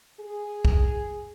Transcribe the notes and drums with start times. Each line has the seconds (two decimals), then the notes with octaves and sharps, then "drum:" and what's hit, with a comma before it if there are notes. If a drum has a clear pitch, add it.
0.20 G#4
0.65 drum: kick